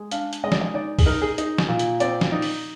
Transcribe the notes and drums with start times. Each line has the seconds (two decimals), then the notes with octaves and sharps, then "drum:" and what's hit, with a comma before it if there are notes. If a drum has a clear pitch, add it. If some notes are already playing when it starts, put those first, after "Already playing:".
Already playing: G#3
0.11 D4 F5, drum: hi-hat
0.33 drum: hi-hat
0.44 G#3 D#5
0.52 D5, drum: snare
0.61 D#5
0.74 D#4 D5
0.99 G#4, drum: kick B1, open hi-hat
1.06 D#4 A#4
1.22 G#4
1.38 D#4, drum: hi-hat
1.58 drum: snare
1.68 A#2
1.79 drum: hi-hat
2.00 C4 D5, drum: hi-hat
2.21 drum: snare
2.32 D#4
2.42 drum: open hi-hat